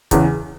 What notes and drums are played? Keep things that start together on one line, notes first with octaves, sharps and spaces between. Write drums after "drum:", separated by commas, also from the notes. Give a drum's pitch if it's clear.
E2 C#3 E3, drum: kick C#1, hi-hat